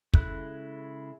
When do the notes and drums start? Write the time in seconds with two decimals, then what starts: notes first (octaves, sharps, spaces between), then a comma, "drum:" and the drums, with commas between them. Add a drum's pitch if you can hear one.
0.14 C#3 G#3 E4 A4 F#6, drum: kick